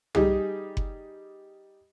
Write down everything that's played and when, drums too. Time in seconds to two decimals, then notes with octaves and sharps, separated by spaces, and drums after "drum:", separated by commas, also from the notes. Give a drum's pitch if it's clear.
0.15 G3 D#4 G4 G#4, drum: tom
0.77 drum: kick F#1